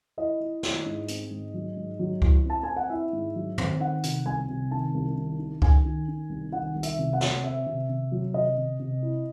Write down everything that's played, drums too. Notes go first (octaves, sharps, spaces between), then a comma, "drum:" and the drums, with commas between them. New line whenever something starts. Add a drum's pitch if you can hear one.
E4 D#5
E4
E4, drum: snare
G#2
C4, drum: hi-hat
G#2
F#3
G#2
F#3
E4, drum: kick C#2
C4
A5
C4 G#5
F#5
E4 E5
G#2
F#3
C4, drum: tom
D#3 F#5
C3, drum: hi-hat
C2 G#5
C3
D#3 A5
C2
D#3
D#3
D#3 G#5, drum: kick C#2
D#3
D#3
C2
D#3 F#5
C2
E5, drum: hi-hat
C3
F#5
C3, drum: snare
C4 E5
C3
C3
F#3
C3 D#5
C3
C3
E4